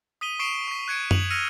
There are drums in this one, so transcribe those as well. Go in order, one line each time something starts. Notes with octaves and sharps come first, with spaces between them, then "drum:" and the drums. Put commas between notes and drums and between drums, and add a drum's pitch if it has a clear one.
D#6 B6 D#7 G7
C#6 C7 D7 E7 G7
C#6 B6
F#6 G#6 C#7 D7
F7 F#7, drum: tom F#2
E6 F6 A#6 C#7 D#7 F7